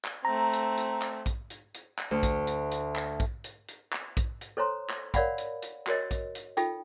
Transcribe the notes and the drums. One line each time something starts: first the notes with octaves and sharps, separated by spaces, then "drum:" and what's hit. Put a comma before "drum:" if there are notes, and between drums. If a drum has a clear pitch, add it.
drum: clap
A3 C4 A#5
drum: hi-hat
drum: hi-hat
drum: clap
drum: kick A#1, hi-hat
drum: hi-hat
drum: hi-hat
drum: clap
D2
drum: kick A#1, hi-hat
drum: hi-hat
drum: hi-hat
drum: clap
drum: kick A#1, hi-hat
drum: hi-hat
drum: hi-hat
drum: clap
drum: kick A#1, hi-hat
drum: hi-hat
A4 C5 C#5 A#5 C6
drum: clap
A#4 C#5 D5 F5 F#5 B5, drum: kick A#1, hi-hat
drum: hi-hat
drum: hi-hat
F#4 A#4 C#5 D#5, drum: clap
drum: kick A#1, hi-hat
drum: hi-hat
D#4 F4 A4 G5, drum: hi-hat